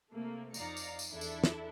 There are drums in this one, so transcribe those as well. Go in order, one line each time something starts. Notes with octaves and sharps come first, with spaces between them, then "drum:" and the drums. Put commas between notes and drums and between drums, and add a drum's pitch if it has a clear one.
C3 A3 A#3
F2 D#4 D5 F5 A#5 C#7, drum: tambourine
drum: tambourine
drum: tambourine
E2 D4 E4 A4
drum: tambourine
drum: snare